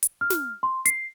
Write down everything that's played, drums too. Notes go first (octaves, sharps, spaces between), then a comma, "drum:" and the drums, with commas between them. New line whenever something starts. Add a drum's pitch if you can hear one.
drum: hi-hat
F6
drum: snare
C6
C7, drum: hi-hat